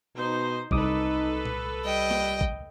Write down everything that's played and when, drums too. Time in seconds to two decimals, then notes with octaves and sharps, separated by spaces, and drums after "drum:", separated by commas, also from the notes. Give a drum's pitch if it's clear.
0.16 B2 D#4 C5
0.71 C2 D#4 A4 B4 D6 D#6, drum: kick A1
1.45 drum: tom A#2
1.85 G3 D#5 G5
2.11 drum: snare
2.41 drum: kick A1